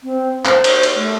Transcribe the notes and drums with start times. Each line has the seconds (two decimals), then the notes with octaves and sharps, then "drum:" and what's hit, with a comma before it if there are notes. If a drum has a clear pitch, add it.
0.04 C4
0.45 C5, drum: clap
0.64 drum: cymbal
0.83 drum: cymbal
0.95 A3